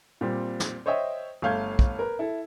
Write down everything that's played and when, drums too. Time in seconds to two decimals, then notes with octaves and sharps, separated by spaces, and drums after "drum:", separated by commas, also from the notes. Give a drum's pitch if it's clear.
0.21 A#2 G3 C4
0.60 drum: snare
0.86 C5 C#5 D#5 E5 G5
1.42 G1 A3 F5 G6 G#6
1.79 drum: kick
1.99 A#4 B4
2.19 E4 A4